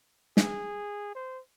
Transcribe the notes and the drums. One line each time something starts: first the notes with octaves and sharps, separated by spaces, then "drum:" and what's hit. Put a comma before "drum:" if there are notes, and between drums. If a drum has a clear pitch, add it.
G#4, drum: snare
C5